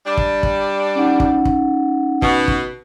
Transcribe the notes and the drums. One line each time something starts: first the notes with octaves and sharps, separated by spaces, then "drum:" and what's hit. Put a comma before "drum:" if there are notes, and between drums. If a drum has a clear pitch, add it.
G3 D4
drum: kick
drum: kick
C#4 D#4 F#5
drum: kick
drum: kick
B2, drum: kick
drum: kick